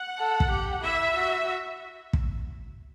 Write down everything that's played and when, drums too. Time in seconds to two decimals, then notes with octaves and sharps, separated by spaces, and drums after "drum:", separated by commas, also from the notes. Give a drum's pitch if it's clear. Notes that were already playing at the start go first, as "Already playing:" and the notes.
Already playing: F#5
0.19 A4
0.40 drum: kick
0.51 G4
0.84 E4 E5
1.16 F#4
2.13 drum: kick